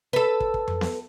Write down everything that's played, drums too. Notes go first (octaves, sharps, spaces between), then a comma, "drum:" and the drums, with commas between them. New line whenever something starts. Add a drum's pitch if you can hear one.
A4 B4
drum: kick
drum: kick
drum: tom F2
drum: snare B3